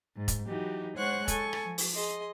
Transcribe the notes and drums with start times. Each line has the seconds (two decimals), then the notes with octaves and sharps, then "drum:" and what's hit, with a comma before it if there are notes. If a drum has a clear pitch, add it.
0.16 G#2
0.28 drum: kick, hi-hat
0.46 E3 F#3 D#4 F#4 G4
0.96 G#3 C5 C#5 F#5 C#6 F#6
1.28 A4 G#5 C#6, drum: kick, hi-hat
1.53 drum: rim click
1.63 F3
1.78 drum: open hi-hat
1.94 G#4 D#5 C6